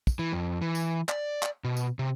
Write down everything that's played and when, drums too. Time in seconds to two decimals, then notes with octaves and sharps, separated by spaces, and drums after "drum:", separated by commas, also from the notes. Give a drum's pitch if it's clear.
0.07 drum: kick, tambourine
0.19 E3
0.32 F2
0.62 E3
0.75 drum: tambourine
1.09 D5, drum: clap
1.43 drum: clap
1.64 B2
1.77 drum: tambourine
1.99 C3